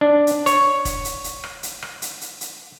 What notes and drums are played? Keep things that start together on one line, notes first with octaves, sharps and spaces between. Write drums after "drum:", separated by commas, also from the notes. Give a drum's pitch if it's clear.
D4
drum: hi-hat
C#5, drum: hi-hat
drum: kick F1, hi-hat
drum: hi-hat
drum: hi-hat
drum: rim click
drum: hi-hat
drum: rim click
drum: hi-hat
drum: hi-hat
drum: hi-hat